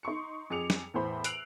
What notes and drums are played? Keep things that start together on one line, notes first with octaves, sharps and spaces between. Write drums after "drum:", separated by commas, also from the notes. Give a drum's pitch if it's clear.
D#4 C6 C#6 C#7
F2 G#4 D6 C#7 F7
drum: snare
E2 A2 C5 B5
E6 F#6 C7 D7 F7 F#7, drum: hi-hat